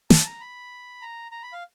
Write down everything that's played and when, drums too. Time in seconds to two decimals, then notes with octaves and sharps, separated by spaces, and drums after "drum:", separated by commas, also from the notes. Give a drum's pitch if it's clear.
0.10 A5, drum: snare
0.26 A#5
0.40 B5
1.02 A#5
1.32 A#5
1.43 B5
1.53 F5